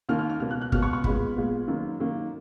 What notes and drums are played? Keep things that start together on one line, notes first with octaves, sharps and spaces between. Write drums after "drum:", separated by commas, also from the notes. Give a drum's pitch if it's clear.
D#2 D#3 A#3 F6
F6
F6
C#2 B2 A#3 F6
F#6
F#6
C#2 B2 A#3 F6, drum: kick
C#6
C#6
A#2 G#3 B3 B5, drum: kick
A#2 G#3 B3
F#2 D#3 A#3
F#2 D#3 A#3